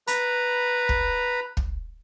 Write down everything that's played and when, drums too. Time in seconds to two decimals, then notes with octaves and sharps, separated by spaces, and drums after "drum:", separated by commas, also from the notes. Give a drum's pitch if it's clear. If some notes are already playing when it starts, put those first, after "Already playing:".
0.07 B4 A#5 B5, drum: hi-hat
0.89 drum: kick
1.57 drum: kick